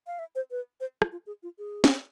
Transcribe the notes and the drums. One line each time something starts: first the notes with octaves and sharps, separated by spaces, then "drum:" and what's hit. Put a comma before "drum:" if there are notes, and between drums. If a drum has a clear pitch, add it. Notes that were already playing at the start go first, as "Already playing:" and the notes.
F5
E5
C5
B4
C5
F4, drum: rim click
F4
G#4
F4
G#4
drum: snare